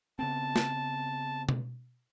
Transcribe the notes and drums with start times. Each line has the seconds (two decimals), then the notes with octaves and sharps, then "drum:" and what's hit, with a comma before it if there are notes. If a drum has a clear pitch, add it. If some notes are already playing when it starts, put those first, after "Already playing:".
0.19 C#3 B3 C4 A5
0.56 drum: snare
1.49 drum: tom B2